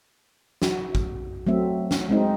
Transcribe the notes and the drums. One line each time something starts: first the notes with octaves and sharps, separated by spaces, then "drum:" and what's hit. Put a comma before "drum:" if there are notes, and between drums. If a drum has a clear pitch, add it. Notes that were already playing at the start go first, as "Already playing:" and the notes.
F#4, drum: snare
drum: kick G1
F#3 A3 C4 E5
drum: snare
G#3 C4 D#4